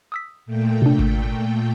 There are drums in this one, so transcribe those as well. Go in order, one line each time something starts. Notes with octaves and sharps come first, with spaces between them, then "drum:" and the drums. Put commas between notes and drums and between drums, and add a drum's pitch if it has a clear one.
D#6 E6 B6
A#2 A3 G5
C3 D4
drum: kick G#1